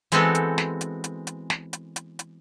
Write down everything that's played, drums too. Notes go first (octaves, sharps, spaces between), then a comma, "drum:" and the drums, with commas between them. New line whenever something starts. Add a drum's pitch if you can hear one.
E3 G#3 B3 C4 F#4 A4, drum: hi-hat
drum: hi-hat
drum: snare
drum: hi-hat
drum: hi-hat
drum: hi-hat
drum: snare
drum: hi-hat
drum: hi-hat
drum: hi-hat